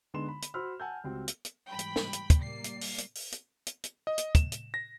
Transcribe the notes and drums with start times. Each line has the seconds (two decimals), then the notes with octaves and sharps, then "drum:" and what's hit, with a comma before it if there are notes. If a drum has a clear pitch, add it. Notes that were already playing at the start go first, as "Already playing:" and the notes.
0.14 D3 G#3 B3 D#4 C6 E7
0.28 B5
0.42 drum: hi-hat
0.54 F#4 C5 B5 C6 E6 F6
0.80 F#5 G#5 A5 E6 G6
1.04 C#2 G3 C4 F#4
1.28 drum: hi-hat
1.45 drum: hi-hat
1.67 G#2 E3 G3 G5 B5
1.79 drum: hi-hat
1.96 drum: snare
2.13 drum: hi-hat
2.30 drum: kick, hi-hat
2.41 G3 A#3 D5 C7
2.64 drum: hi-hat
2.81 drum: open hi-hat
2.98 drum: hi-hat
3.15 drum: open hi-hat
3.32 drum: hi-hat
3.67 drum: hi-hat
3.84 drum: hi-hat
4.07 D#5
4.18 drum: hi-hat
4.35 E7, drum: kick, hi-hat
4.52 drum: hi-hat
4.74 A#6